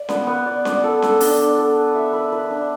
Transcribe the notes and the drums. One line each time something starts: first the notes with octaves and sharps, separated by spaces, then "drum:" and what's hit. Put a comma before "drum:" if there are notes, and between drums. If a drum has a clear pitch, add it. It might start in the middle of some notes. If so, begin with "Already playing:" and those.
Already playing: D5
B3, drum: snare C#4
B3
D5
D5, drum: snare C#4
A4
A4, drum: snare C#4
D4, drum: open hi-hat
D4
A4
B4
E5
B4
B4
D4